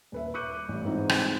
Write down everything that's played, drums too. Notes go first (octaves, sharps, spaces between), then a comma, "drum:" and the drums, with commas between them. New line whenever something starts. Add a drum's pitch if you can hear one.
D#1 B4 E5
C#6 D6 F#6 G6 C#7 D#7
A1 G3
G#2 E3 C4 D#4 F4
drum: rim click